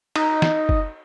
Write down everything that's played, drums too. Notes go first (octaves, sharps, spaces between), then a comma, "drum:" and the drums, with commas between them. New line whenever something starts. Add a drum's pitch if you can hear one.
D#4, drum: cymbal
drum: snare
drum: kick F#1